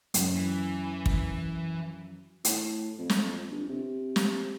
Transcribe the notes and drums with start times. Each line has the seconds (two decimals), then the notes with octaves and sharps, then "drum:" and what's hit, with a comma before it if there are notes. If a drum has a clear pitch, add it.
0.14 F#2, drum: hi-hat
0.35 E3
1.06 drum: kick
2.45 A2, drum: hi-hat
2.99 F2
3.10 drum: snare
3.51 G1
3.69 C3
4.16 drum: snare